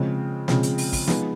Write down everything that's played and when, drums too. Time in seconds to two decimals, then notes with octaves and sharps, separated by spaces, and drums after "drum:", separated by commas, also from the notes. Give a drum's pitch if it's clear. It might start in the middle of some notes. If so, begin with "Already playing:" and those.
Already playing: C#3 F3 G#3 C4
0.48 C#3 F3 G#3 C4, drum: snare
0.63 drum: hi-hat
0.78 drum: open hi-hat
0.93 drum: kick, open hi-hat
1.08 F3 G#3 B3 D#4 G#4, drum: snare